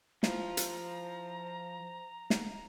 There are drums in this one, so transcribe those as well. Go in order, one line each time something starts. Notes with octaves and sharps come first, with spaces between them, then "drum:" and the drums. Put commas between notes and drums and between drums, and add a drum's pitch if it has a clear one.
F3 E4 F4 C5 A#5, drum: snare
drum: hi-hat
drum: snare